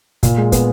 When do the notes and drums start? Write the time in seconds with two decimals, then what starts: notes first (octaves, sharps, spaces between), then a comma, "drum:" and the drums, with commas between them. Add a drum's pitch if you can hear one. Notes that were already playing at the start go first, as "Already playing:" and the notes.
0.23 A#2, drum: kick, hi-hat
0.37 G#3
0.52 B3, drum: kick, hi-hat